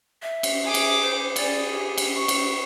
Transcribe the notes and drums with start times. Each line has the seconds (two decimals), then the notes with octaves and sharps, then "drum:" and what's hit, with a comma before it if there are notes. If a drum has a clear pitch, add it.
0.22 E5
0.43 drum: cymbal
0.64 G#4 D6
0.74 drum: cymbal
1.02 C5
1.36 G#4 D5, drum: cymbal
1.73 G4
1.98 drum: cymbal
2.16 C#6
2.28 drum: cymbal